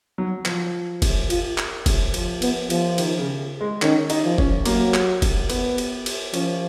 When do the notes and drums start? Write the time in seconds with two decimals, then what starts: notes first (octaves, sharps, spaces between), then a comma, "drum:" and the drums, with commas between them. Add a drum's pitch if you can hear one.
0.18 F#3
0.45 F3, drum: clap
1.02 drum: kick, cymbal
1.30 F4, drum: cymbal
1.58 drum: clap
1.86 drum: kick, cymbal
2.14 F3, drum: cymbal
2.42 B3, drum: cymbal
2.70 F3, drum: cymbal
2.98 D#3, drum: cymbal
3.19 C#3
3.61 G#3
3.82 D#3 C#4, drum: clap
4.10 D#4, drum: cymbal
4.24 F3
4.38 C#4, drum: kick
4.66 F#3 A#3, drum: cymbal
4.94 drum: clap
5.22 drum: kick, cymbal
5.50 B3, drum: cymbal
5.78 drum: cymbal
6.06 drum: cymbal
6.34 F3 C#4, drum: cymbal